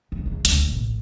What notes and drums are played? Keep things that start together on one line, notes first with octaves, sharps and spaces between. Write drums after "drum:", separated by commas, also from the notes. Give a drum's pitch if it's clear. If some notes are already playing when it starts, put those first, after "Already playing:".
E2
E2 C#3
D2, drum: hi-hat
A#1 A2